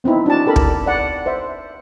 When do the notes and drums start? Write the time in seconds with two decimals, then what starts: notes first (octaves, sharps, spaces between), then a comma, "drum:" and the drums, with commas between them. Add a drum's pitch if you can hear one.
0.04 B3 C4 D#4 E4
0.26 D4 F#4 A5
0.46 G4 A4 A#4 B5
0.56 drum: kick
0.86 D5 F#5
1.26 C5 E5